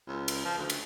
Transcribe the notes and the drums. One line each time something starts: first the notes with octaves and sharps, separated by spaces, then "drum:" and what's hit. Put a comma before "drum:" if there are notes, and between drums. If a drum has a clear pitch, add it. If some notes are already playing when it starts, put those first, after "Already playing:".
C#2
drum: cymbal
F3
D2
drum: cymbal